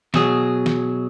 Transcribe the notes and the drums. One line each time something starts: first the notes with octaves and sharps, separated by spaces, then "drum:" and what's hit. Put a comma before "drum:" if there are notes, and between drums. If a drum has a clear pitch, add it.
B2 F#3 G#4, drum: snare
drum: snare